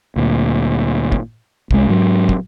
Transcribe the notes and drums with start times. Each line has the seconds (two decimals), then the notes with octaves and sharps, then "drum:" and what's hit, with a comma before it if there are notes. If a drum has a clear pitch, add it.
0.16 D2 A#2
1.12 drum: kick
1.71 C2 G#3, drum: kick
1.89 G#2 F#3
2.29 drum: kick